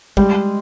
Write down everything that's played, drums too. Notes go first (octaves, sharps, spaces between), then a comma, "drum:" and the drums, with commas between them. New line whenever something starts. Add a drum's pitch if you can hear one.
G3 G#3, drum: kick